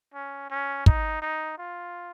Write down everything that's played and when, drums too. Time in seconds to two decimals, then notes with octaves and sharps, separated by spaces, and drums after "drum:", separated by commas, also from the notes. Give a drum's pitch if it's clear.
0.14 C#4
0.50 C#4
0.86 D#4, drum: kick
1.22 D#4
1.58 F4